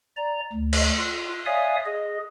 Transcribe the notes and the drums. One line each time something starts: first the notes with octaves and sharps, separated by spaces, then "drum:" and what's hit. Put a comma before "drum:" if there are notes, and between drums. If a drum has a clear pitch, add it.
D5 A#5
D2
drum: cymbal
F4
C#5 D5 E5 F5 G#5 D#6
G#4 D#5